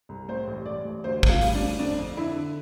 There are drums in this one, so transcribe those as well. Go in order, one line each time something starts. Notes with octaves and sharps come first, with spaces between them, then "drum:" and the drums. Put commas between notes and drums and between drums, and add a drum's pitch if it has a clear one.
C2
A2 C5
A1
A1 D5
A1
D2 C5
D2, drum: kick
F4
G3, drum: open hi-hat
D4
D2
F2 D4
F2
D3 E4
D3